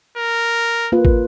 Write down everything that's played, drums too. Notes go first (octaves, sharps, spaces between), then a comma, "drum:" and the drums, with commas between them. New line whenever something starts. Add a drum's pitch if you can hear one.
A#4
A#3 F4 B4
drum: kick